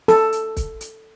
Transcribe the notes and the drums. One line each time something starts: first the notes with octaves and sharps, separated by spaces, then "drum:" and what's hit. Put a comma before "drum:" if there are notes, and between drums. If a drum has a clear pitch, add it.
A4, drum: snare
drum: hi-hat
drum: kick, hi-hat
drum: hi-hat